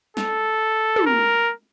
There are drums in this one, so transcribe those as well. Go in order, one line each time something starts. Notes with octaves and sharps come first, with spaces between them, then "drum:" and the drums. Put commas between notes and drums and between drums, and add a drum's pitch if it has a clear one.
A4, drum: snare
drum: tom
A#4